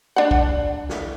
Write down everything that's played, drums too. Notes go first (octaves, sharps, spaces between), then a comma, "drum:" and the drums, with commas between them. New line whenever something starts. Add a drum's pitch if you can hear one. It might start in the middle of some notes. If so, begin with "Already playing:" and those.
D4 F#5
drum: kick
drum: snare